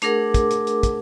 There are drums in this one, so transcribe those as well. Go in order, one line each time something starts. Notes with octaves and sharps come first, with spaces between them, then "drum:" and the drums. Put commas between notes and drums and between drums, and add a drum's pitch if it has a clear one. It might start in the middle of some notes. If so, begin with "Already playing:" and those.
A3 D4 G#4 A#4 F#5 D6, drum: hi-hat
drum: kick, hi-hat
drum: hi-hat
drum: hi-hat
drum: kick, hi-hat